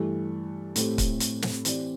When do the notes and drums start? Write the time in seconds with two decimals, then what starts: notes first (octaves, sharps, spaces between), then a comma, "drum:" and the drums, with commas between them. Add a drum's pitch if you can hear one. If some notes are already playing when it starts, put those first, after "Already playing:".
Already playing: G2 E3 A3
0.76 A2 A3 C4 G4, drum: hi-hat
0.98 drum: kick, hi-hat
1.20 drum: hi-hat
1.42 drum: snare
1.65 E3 C4 G4 D5, drum: hi-hat